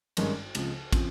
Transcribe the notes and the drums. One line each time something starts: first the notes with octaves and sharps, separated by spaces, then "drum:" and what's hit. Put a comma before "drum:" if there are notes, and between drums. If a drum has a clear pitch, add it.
G#1 G2 D#3 G#3 C#4, drum: cymbal
C#2 C#3 F3 C4, drum: cymbal
C#3 F3 C4, drum: kick, cymbal